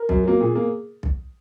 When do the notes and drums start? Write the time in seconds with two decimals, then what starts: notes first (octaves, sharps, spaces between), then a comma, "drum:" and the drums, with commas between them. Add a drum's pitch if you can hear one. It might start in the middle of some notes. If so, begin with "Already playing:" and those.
Already playing: A#4
0.09 F#2, drum: kick B1
0.24 F#3 A#3
0.41 A#2 G#4
0.55 A#3
1.03 drum: kick B1